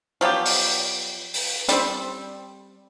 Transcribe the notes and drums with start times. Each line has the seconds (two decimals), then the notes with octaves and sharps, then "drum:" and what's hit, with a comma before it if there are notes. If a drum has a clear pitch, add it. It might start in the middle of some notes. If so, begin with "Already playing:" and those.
0.21 F3 F#3 B3 G4
0.45 drum: open hi-hat
1.34 drum: open hi-hat
1.69 G3 C4, drum: hi-hat